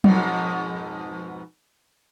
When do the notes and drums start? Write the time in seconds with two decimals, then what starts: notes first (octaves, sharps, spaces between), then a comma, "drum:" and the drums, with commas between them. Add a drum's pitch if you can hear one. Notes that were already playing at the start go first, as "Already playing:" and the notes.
0.04 F2 G#2 B2, drum: tom F#3